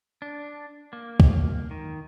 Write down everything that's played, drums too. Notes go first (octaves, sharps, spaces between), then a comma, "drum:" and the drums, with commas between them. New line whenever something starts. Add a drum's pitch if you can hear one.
D4
A#3
drum: kick
D#3